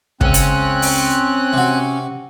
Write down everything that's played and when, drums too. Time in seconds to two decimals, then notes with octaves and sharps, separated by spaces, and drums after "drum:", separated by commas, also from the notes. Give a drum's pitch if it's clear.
0.21 C#2 C4 C#4 F#6, drum: kick
0.34 drum: hi-hat
0.82 drum: open hi-hat
1.53 C3 F#4